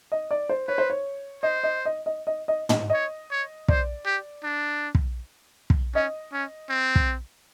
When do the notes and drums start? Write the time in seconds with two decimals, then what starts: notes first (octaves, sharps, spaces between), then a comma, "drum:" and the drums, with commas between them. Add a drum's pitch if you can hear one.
0.12 D#5
0.31 D5
0.49 C5
0.68 B4 C#5
0.78 C5
0.90 C#5
1.43 C5 D#5
1.64 D#5
1.85 D#5
2.06 D#5
2.27 D#5
2.48 D#5
2.69 D#5, drum: tom
2.90 C#5 D#5
3.31 C#5
3.68 C5 D5, drum: kick
4.06 G4
4.44 D4
4.95 drum: kick
5.70 drum: kick
5.95 C#4 D#5
6.33 C#4
6.70 C4
6.96 drum: kick